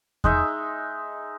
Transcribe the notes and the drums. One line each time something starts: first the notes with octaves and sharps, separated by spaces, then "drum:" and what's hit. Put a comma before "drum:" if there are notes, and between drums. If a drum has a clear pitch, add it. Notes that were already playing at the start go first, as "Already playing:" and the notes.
G#3 D#4 E5, drum: kick E2